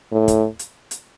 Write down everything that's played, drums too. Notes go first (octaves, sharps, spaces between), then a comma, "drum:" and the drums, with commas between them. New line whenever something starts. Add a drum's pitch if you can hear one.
A2
drum: kick, hi-hat
drum: hi-hat
drum: hi-hat